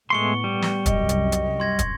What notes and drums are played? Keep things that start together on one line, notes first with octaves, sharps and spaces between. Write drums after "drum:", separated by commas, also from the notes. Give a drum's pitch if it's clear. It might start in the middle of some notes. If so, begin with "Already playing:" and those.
A2 G#3 A3 B3 C6 C#6 C#7 G7
G3
drum: snare
C2 F#2 D#5, drum: kick, hi-hat
drum: hi-hat
drum: hi-hat
C6 G#6 A#6
drum: kick, hi-hat